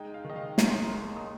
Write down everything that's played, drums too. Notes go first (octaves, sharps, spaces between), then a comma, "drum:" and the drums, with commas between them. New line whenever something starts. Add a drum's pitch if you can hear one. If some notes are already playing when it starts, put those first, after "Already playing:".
Already playing: G#3 D#4 G5
F5
D#3
D#5
F5
D#2 A#5, drum: snare
C6
A#5
A#3
D#6